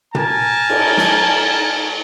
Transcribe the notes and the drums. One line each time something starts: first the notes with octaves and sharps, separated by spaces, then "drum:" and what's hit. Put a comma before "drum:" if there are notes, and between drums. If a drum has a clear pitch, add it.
A#4 G#5 A5, drum: tom
drum: cymbal
drum: snare